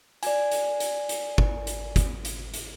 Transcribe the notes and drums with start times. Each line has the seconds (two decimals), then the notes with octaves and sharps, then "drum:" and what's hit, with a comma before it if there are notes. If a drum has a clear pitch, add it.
0.23 D5 G#5, drum: hi-hat
0.52 drum: hi-hat
0.80 drum: hi-hat
1.09 drum: hi-hat
1.38 drum: kick
1.67 drum: hi-hat
1.96 drum: kick, hi-hat
2.25 drum: hi-hat
2.54 drum: hi-hat